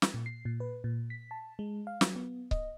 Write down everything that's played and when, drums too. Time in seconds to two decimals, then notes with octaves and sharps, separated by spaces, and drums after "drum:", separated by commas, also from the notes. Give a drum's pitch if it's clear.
0.02 drum: snare
0.14 A#2
0.26 C7
0.45 A#2
0.60 B4
0.84 A#2
1.10 B6
1.31 A5
1.59 G#3
1.87 F5
2.01 F#3, drum: snare
2.16 B3
2.51 D#5, drum: kick C#1